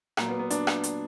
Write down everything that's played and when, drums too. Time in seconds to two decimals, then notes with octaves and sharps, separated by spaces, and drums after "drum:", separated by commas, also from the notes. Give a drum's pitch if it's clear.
0.17 A#2 F#3 A#3, drum: rim click
0.28 B3
0.39 B3
0.50 D4, drum: hi-hat
0.67 drum: rim click
0.84 drum: hi-hat